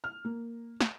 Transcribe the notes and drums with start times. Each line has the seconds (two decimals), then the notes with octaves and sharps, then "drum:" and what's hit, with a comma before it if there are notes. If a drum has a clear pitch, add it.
0.04 F6
0.25 A#3
0.81 drum: snare